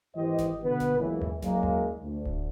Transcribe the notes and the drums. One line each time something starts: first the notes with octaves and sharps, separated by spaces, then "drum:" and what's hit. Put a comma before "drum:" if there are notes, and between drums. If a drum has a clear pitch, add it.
G#1 E3 G4 C5 D#5
drum: snare F#1
B2 D3 B3 B4
drum: snare F#1
F#1 C#2 B2 E3
drum: tom D#2
F#1 F#3 G#3 A#3, drum: snare F#1
drum: tom D#2
D2
drum: kick D1